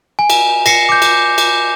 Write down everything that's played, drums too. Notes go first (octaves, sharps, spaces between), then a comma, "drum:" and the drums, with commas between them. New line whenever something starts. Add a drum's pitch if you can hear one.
G#5
drum: cymbal
A#6 C7 C#7, drum: cymbal
D6 G6
drum: cymbal
drum: cymbal